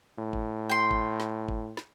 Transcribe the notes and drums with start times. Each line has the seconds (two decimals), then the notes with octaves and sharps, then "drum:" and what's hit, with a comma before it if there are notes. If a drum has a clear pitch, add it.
0.19 A2
0.33 drum: kick G#1
0.69 G5 C6
0.91 drum: kick G#1
1.20 drum: snare
1.48 drum: kick G#1
1.77 drum: snare